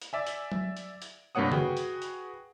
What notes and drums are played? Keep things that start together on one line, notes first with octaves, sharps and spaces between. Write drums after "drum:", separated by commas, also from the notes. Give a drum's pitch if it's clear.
drum: hi-hat
D5 E5 G#5
drum: hi-hat
drum: tom F#3
drum: hi-hat
drum: hi-hat
G2 C3 A#3 C#5 F#5 D#6
F#4 G#4 B4 G5, drum: tom C#3
drum: hi-hat
drum: hi-hat